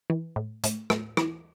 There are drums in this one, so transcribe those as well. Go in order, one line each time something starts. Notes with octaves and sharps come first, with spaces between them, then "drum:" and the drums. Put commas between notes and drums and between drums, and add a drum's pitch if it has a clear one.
E3
A2
A2, drum: hi-hat
A2, drum: rim click
E3, drum: rim click